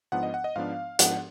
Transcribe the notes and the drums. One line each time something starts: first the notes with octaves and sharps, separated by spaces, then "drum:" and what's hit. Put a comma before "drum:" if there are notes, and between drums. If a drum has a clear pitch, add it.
G#2 F3 B3 D4 F#5
D#5
F#5
D#5
G#2 F3 B3 D4 F5
G#2 F3 B3 D4 F#5, drum: hi-hat